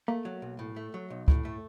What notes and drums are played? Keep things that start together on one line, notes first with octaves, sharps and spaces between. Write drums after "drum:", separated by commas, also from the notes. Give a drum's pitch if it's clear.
A3 A#3
F#3
B1
A2
A3
F#3
B1
A2, drum: kick
A3